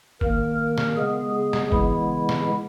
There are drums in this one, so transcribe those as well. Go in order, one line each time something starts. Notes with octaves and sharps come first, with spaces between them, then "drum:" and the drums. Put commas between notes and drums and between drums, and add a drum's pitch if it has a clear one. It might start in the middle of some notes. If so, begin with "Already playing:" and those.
D#3 A#3 A#4, drum: kick G1
A#4
drum: snare
C#3 G#3 B3 G#4
G#4
drum: snare
C#3 E3 G#3 B3 E4, drum: kick G1
drum: snare